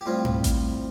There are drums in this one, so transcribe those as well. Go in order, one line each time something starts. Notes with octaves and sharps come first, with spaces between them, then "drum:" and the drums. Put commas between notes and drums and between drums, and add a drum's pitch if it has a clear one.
G4
A2 G3 C4 F4
drum: tom G#2
drum: kick A1, hi-hat